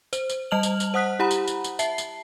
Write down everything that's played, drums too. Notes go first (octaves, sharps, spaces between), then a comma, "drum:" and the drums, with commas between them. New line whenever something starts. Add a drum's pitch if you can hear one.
C5, drum: tambourine
drum: tambourine
G3 D#5 A5 F6 F7 F#7
drum: tambourine
drum: tambourine
C5 F#5 D#6 F#6 B6
E4 G4 F#5 A#5 B5
drum: tambourine
drum: tambourine
drum: tambourine
E5 A5 C7, drum: tambourine
drum: tambourine